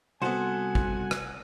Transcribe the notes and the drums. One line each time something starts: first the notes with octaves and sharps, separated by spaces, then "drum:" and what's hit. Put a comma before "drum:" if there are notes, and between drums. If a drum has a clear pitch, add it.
C2 B3 F#4 A4 C5 F#5 G#5
drum: kick
drum: rim click